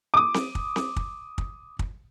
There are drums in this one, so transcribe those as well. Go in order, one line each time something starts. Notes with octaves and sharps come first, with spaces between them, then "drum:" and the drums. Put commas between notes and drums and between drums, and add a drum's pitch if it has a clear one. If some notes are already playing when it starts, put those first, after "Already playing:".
D6 D#6
drum: snare C4
drum: kick
drum: snare C4
drum: kick
drum: kick
drum: kick